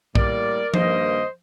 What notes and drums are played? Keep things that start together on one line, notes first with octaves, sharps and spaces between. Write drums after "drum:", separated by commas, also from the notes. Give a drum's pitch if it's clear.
A2 G3 A#3 A#4 D5, drum: kick
G2 D#3 A#3 C5 D#5, drum: tom F3